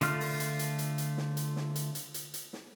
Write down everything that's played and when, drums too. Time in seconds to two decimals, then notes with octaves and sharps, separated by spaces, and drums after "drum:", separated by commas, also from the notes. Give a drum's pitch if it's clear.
0.01 D3 A3 F4 F6, drum: hi-hat
0.20 drum: open hi-hat
0.40 drum: hi-hat
0.59 drum: hi-hat
0.79 drum: hi-hat
0.98 drum: hi-hat
1.17 drum: snare
1.37 drum: hi-hat
1.56 drum: snare
1.76 drum: hi-hat
1.95 drum: hi-hat
2.14 drum: hi-hat
2.34 drum: hi-hat
2.53 drum: snare